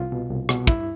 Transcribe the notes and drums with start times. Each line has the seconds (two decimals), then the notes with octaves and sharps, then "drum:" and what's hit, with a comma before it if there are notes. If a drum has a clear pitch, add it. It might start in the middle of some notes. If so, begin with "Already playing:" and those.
Already playing: C2 F4
0.12 B2
0.31 C2
0.49 B2, drum: rim click
0.67 G2 E4, drum: kick